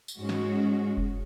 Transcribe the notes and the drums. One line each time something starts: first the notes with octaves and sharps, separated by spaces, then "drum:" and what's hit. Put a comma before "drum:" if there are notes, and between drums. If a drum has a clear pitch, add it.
drum: tambourine
G#2 G#3 C#4 F#4
drum: snare
drum: kick F1